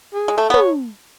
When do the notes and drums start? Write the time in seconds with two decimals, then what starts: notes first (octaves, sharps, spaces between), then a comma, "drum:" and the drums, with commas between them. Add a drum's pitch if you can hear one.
0.14 G#4
0.28 G#3
0.37 A3 A4
0.50 B3
0.54 C#5, drum: tom